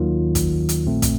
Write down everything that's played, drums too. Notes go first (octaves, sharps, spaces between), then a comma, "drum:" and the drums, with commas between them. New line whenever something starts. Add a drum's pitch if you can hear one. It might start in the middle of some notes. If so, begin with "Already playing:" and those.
Already playing: D#2 D#3 F#3 A#3 F4
drum: kick, hi-hat
drum: hi-hat
A#1 A#2 A3 C4
drum: kick, hi-hat